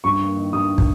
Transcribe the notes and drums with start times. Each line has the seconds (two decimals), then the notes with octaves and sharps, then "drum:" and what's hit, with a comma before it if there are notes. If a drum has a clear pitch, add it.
0.04 G2 C#6
0.21 A#3
0.36 D#3
0.53 G2 D#6
0.78 drum: kick